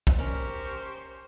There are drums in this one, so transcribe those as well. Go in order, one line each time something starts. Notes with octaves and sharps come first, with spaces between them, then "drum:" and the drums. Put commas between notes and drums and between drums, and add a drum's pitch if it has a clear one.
drum: kick
C#4 G4 A#4 C5 C#6